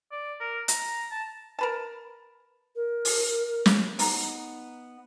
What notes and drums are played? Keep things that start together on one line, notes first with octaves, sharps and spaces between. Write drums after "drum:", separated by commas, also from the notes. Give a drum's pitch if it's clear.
D5
A#4
A#5, drum: hi-hat
A5
A#4 B4 A5
A#4
drum: open hi-hat
drum: snare
B3 D#4 A#5, drum: open hi-hat